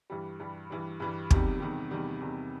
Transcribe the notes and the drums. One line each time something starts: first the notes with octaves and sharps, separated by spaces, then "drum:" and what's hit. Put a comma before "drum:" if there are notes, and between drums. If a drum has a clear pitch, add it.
G2 E3 G3
G2 E3 G3
G2 E3 G3
G2 E3 G3
E2 C3 D#3 G3, drum: kick
E2 C3 D#3 G3
E2 C3 D#3 G3
E2 C3 D#3 G3